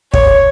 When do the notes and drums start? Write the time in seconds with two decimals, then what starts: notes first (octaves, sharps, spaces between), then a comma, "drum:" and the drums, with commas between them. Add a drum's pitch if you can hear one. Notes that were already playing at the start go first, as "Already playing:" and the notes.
0.14 C#5, drum: kick